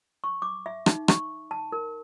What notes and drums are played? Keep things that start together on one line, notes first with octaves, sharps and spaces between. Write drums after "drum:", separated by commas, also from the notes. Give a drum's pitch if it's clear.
C#6
D6
E5
D#4, drum: rim click
C#6, drum: rim click
A5
A#4